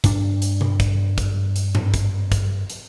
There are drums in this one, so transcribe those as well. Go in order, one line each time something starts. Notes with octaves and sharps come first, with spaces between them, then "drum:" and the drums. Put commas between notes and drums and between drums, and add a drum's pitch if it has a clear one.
G2 D4, drum: kick, hi-hat
drum: hi-hat
drum: tom B2
drum: kick, hi-hat
drum: kick, hi-hat
drum: hi-hat
drum: tom G#2
drum: kick, hi-hat
drum: kick, hi-hat
drum: hi-hat